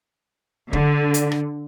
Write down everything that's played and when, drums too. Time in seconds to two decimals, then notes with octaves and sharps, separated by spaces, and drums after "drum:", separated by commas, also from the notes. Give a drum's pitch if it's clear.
0.73 D3, drum: kick
1.14 drum: hi-hat
1.32 drum: rim click